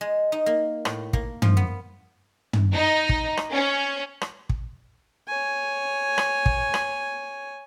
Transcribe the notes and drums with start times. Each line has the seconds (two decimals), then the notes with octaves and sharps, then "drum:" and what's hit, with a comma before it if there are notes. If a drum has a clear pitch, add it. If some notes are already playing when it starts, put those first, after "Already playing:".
0.01 G#3
0.32 D#4
0.46 A#3
0.85 A2, drum: rim click
1.13 A#3, drum: kick
1.42 F3, drum: tom
1.57 B3
2.53 drum: tom
2.74 D#4
3.09 drum: kick
3.37 drum: rim click
3.53 C#4
4.21 drum: rim click
4.49 drum: kick
5.28 C#5 G#5
6.18 drum: rim click
6.46 drum: kick
6.74 drum: rim click